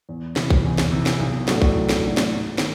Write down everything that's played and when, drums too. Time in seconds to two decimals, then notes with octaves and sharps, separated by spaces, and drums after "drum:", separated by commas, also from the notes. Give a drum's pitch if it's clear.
0.09 E2
0.36 C3 E3, drum: snare
0.50 drum: kick A#1
0.65 E2
0.78 drum: snare
0.92 C3 E3
1.06 drum: snare
1.20 B1
1.48 A2 F#3 A3 D4, drum: snare
1.62 drum: kick A#1
1.75 B1
1.89 drum: snare
2.03 A2 F#3 A3 D4
2.17 drum: snare
2.31 G#2
2.58 D#3, drum: snare